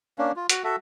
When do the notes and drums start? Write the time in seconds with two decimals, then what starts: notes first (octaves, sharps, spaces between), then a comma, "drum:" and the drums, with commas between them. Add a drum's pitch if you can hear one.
0.18 A#3 C#4 D4
0.36 F4
0.49 F#4, drum: hi-hat
0.64 F#4 A4 E5